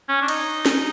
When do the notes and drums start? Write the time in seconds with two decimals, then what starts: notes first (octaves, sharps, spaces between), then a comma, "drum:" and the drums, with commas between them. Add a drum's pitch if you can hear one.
0.09 C#4
0.22 D4
0.28 D#4, drum: cymbal
0.66 drum: snare